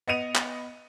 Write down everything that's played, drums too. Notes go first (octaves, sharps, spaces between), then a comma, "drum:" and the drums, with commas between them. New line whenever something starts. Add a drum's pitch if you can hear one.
B3 D#5 C#7 D#7 F7
drum: clap